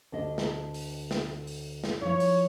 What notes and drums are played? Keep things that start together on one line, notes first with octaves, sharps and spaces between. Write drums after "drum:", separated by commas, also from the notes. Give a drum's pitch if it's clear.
D2 D4 D#5
drum: snare
drum: open hi-hat
drum: snare
drum: open hi-hat
drum: snare
F3 E4 C#5
drum: open hi-hat